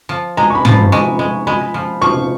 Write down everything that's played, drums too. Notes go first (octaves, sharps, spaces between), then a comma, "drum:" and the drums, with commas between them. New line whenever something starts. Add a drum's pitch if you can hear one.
F3
G#3 A#5
C#6
B5
F3, drum: tom
B5
G#3 C#6
G#3
G#3 B5
F3
F3 C#6